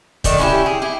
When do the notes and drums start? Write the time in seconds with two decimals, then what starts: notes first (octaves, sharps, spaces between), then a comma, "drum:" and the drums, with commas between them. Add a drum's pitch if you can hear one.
0.24 D#3 A3 D4, drum: kick, hi-hat
0.39 C#4 E4 F4 G4
0.66 G#4
0.82 E4 G4